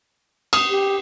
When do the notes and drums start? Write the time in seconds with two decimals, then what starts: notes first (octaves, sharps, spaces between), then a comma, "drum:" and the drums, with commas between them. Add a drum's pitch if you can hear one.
0.53 D#6, drum: cymbal
0.70 G4